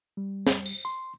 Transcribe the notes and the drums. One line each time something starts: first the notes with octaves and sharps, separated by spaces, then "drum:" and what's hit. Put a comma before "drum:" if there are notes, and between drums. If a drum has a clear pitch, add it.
G3
drum: snare
drum: tambourine
C6